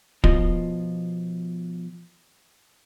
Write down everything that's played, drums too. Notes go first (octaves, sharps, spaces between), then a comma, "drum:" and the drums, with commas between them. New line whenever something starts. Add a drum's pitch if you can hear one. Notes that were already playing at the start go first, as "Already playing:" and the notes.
B2 F3 F4 D#5, drum: kick